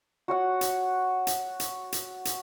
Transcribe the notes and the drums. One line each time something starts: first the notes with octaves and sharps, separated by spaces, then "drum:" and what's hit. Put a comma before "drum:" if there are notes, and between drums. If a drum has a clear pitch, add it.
F#4 C#5 F#5
drum: hi-hat
drum: hi-hat
drum: hi-hat
drum: hi-hat
drum: hi-hat